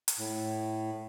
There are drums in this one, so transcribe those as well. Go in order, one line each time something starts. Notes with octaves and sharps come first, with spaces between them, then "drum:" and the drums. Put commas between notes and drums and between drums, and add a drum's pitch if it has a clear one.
drum: hi-hat
A2